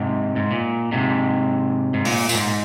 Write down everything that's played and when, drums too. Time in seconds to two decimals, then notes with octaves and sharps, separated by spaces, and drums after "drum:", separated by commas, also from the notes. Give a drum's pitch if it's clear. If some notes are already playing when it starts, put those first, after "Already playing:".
Already playing: G#2 C3
0.36 G#2
0.51 A#2
0.92 G#2 C3
1.94 G#2
2.05 A#2, drum: open hi-hat
2.29 A#2, drum: tambourine
2.34 G#2